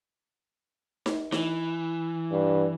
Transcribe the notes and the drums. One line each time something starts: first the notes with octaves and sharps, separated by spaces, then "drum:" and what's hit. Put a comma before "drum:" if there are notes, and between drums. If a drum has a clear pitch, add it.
drum: snare D#4
E3, drum: snare D#4
G2